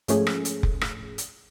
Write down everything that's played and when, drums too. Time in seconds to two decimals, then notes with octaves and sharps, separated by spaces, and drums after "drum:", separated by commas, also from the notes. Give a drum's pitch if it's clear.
0.08 G#2 F3 A3 C#4 G#4, drum: hi-hat
0.27 drum: rim click
0.45 drum: hi-hat
0.63 drum: kick F1
0.81 drum: rim click
1.18 drum: hi-hat